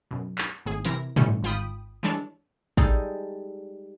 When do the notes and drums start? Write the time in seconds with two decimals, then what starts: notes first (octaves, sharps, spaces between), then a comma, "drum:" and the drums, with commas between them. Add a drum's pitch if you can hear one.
0.11 F#2 B2
0.38 drum: clap
0.66 G#1 A2 G#4
0.85 C3 E3 C4 E4 A#4 A#6, drum: hi-hat
1.16 G2 B2 D3 E3 A3 C#4, drum: tom
1.43 G#1 G#2 F4 G5 B5 D#6
2.03 E3 G3 G#3 D4 A4 C#5
2.77 G3 G#3 D#4 A4 D#5, drum: kick